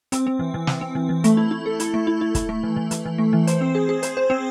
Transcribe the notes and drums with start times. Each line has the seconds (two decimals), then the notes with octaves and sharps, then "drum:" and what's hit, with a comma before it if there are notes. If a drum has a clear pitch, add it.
0.12 C4, drum: hi-hat
0.27 C4
0.39 E3
0.54 E3
0.67 C4, drum: snare
0.81 C4
0.95 E3
1.09 E3
1.24 A3, drum: hi-hat
1.37 E4
1.51 E4
1.66 A4
1.80 E4, drum: hi-hat
1.94 A3
2.07 E4
2.21 E4
2.35 E4, drum: kick, hi-hat
2.49 A3
2.63 E3
2.76 E3
2.91 E3, drum: hi-hat
3.06 E3
3.18 A3
3.33 E3
3.47 C5, drum: hi-hat
3.61 C4
3.75 G#4
3.89 G#4
4.03 C5, drum: hi-hat
4.17 C5
4.30 C4